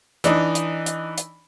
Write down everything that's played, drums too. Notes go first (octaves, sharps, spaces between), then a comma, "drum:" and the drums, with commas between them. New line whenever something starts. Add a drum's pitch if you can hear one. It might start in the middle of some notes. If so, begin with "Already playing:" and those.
E3 D4 D#4, drum: hi-hat
drum: hi-hat
drum: hi-hat
drum: hi-hat